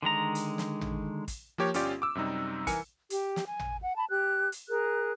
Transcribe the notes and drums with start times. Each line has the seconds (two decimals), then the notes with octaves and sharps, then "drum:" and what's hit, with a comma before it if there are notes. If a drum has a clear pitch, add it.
0.03 D3 D#3 G#3 A#5
0.35 drum: hi-hat
0.58 drum: snare
0.81 drum: tom
1.28 drum: kick, hi-hat
1.58 F3 A#3 G4 C#5
1.74 G1 C#4 F4 G4 D5, drum: hi-hat
2.02 D6 E6
2.15 F#2 C3 G3 D#4
2.67 E3 A#4 G#5 C#7, drum: kick, hi-hat
3.10 G4, drum: hi-hat
3.36 drum: snare
3.46 G#5
3.59 drum: tom
3.84 F#5
3.96 A5 B5
4.11 G4 F#6
4.52 drum: hi-hat
4.69 G#4 A#4 F#6